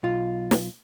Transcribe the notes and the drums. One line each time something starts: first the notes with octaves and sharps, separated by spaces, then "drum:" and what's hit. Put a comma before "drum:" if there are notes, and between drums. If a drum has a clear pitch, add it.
B1 F4
drum: snare